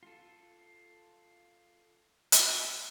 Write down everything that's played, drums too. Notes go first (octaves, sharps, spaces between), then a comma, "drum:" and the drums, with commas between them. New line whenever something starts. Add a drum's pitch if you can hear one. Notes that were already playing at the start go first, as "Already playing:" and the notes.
F4 A4
drum: hi-hat